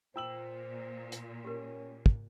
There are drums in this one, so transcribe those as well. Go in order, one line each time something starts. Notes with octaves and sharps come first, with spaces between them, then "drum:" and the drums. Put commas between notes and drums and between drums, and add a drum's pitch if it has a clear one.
A#2 F4 C5 G5 E6 F#7
drum: hi-hat
C#4 G4 A#4
drum: kick